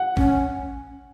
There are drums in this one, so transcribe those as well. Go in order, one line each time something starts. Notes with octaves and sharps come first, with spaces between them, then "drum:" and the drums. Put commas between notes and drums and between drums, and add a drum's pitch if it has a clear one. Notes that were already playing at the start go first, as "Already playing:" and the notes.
Already playing: F#5
C#4, drum: kick G#1